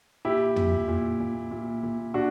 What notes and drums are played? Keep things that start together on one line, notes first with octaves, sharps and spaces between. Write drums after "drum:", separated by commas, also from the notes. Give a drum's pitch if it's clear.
A#2 E4 G4
A#2, drum: tom
A#2
A#2
A#2
A#2
A#2 D4 F#4